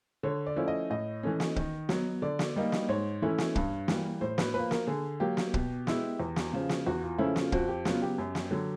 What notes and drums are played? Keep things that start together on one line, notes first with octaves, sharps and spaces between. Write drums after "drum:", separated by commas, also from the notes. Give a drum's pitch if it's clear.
D3 C#5
D5
F3 A3 C#4 E4
D#5
A2 D#5
E3 A3 C#4
drum: snare
D#3, drum: kick
F#3 B3, drum: snare
D3 D5
drum: snare
G3 A#3 D#4
drum: snare
G#2 C#5
E3 A3 C#4 E4
drum: snare
G2, drum: kick
E3 G3 A#3, drum: snare
A2 C5
B4, drum: snare
F3 A#3 B4
A#4, drum: snare
D3 G#4
F#3 A#3 G4
drum: snare
B2, drum: kick
G#3 B3 E4, drum: snare
E2
drum: snare
C#3 F3
drum: snare
E2 F#4
F4
C#3 F3 A3 C#4 E4
F4, drum: snare
F2 F#4, drum: kick
G4
C#3 F#3 B3 F4, drum: snare
G4
F#2
drum: snare
D3 F#3